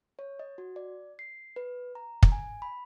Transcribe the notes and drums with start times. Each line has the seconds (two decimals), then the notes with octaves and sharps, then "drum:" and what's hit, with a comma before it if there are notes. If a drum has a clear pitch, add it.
0.19 C#5
0.39 D#5
0.58 F#4
0.76 D5
1.19 C7
1.56 B4
1.95 A#5
2.23 drum: kick
2.32 G#5
2.62 B5